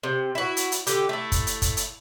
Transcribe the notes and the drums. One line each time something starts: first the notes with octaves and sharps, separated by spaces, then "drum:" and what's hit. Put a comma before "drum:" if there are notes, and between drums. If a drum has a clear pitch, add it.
C3
E4 F#4
drum: hi-hat
drum: hi-hat
D3 G4, drum: hi-hat
A3 E4
drum: kick, hi-hat
drum: hi-hat
drum: kick, hi-hat
drum: hi-hat